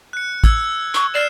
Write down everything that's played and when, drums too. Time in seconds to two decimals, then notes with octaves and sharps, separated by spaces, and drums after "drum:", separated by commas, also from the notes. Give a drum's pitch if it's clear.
0.13 F#6 C#7
0.44 E6 G#6, drum: kick, hi-hat
0.94 C#6, drum: hi-hat
1.14 D5 F6 C7 E7